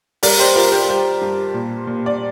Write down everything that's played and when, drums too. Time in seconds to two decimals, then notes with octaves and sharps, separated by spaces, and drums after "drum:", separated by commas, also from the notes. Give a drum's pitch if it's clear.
0.23 G3 A#4 D5, drum: open hi-hat
0.39 G4 C5
0.56 G3 F4 A#4
0.72 G4 C5
0.88 G3 G4 C5
1.21 G2
1.54 A#2
1.87 A#2
2.06 D5